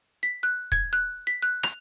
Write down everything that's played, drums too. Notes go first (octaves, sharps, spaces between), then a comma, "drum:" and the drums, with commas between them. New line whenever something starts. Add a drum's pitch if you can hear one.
B6
F#6
G#6, drum: kick
F#6
B6
F#6
F7, drum: rim click